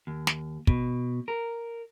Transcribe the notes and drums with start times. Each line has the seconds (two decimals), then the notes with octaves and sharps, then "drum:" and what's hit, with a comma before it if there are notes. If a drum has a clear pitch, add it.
0.07 D#2
0.27 drum: snare
0.67 B2, drum: kick
1.28 A#4